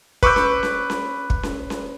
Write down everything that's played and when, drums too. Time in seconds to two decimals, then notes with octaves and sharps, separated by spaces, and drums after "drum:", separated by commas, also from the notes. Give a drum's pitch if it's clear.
0.23 B4 C#6 D6 E6 G6, drum: kick
0.36 drum: snare C#4
0.63 drum: snare C#4
0.90 drum: snare C#4
1.30 drum: kick
1.43 drum: snare C#4
1.70 drum: snare C#4